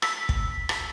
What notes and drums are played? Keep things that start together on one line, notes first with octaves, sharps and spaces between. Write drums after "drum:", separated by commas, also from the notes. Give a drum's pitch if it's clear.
E6 B6, drum: rim click
drum: kick
drum: rim click